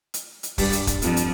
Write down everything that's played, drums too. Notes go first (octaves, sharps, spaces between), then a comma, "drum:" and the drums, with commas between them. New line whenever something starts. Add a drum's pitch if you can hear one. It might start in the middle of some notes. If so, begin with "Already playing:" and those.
drum: hi-hat
drum: hi-hat
G2 G3, drum: kick, open hi-hat
drum: hi-hat
drum: kick, hi-hat
F2 F3, drum: hi-hat
drum: hi-hat